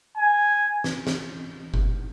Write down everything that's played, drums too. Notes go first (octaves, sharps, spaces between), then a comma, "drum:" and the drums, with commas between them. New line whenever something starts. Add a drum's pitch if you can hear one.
G#5
drum: snare
drum: snare
drum: kick F#1